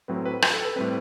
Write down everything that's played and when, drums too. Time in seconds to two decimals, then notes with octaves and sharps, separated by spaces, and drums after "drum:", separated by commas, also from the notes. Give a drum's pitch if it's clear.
0.08 A2 F#3 C4 B4
0.26 B4
0.42 B4, drum: rim click
0.54 A4
0.65 B4
0.76 A2 G3 C4 B4